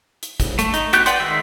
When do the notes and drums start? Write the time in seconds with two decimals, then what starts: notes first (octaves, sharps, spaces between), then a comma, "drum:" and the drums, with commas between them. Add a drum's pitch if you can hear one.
0.23 drum: hi-hat
0.40 drum: kick G#1, hi-hat
0.59 A3, drum: hi-hat
0.74 D#4, drum: hi-hat
0.93 B3 F#4 G4 F#6 G6, drum: hi-hat
1.06 B4 D5 F#5 G5 C6, drum: hi-hat
1.20 D#3 G#3 E5